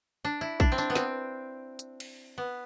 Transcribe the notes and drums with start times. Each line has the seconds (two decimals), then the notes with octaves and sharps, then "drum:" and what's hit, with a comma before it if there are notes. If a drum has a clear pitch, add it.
0.25 D4
0.41 E4
0.60 D4, drum: kick
0.72 C4
0.78 D4, drum: tambourine
0.90 B3
0.95 C4, drum: snare
1.79 drum: hi-hat
2.00 drum: cymbal
2.38 B3